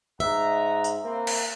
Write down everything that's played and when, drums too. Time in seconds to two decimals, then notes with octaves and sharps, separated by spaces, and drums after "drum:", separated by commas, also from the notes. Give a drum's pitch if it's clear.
0.20 G#2 D#5 E5 F#5 A#5
0.84 drum: tambourine
1.05 A#3 C4 B4 C5
1.27 drum: cymbal